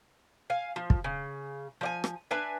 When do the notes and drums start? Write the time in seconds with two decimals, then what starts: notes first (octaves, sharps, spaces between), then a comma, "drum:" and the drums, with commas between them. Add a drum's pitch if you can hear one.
0.50 F5 G#5
0.76 F3
0.90 drum: kick
1.04 C#3
1.81 F3 D5 G#5
2.04 drum: rim click
2.31 D4 B4 E5 G#5